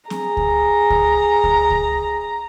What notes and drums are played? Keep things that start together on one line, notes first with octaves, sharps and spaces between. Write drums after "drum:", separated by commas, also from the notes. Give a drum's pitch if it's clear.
G#4 A#5, drum: snare C4
drum: kick C#2
drum: kick C#2
drum: kick C#2
drum: kick C#2